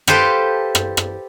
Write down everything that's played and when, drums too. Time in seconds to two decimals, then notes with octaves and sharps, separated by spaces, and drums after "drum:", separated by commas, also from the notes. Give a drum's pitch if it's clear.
0.08 G4 A4 B4 C5 F5 G5, drum: rim click
0.75 drum: rim click
0.97 drum: rim click